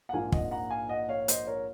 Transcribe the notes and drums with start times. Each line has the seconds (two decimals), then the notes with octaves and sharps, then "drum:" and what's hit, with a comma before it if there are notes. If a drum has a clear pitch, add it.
0.09 F#5
0.13 A#1 G#2 F3 A#3 F5 G#5
0.32 D#5 F#5, drum: kick
0.51 F#5 A#5
0.70 F5 G#5
0.89 D#5 F#5
1.09 C#5 F5
1.28 C5 D#5, drum: hi-hat
1.47 A#4 C#5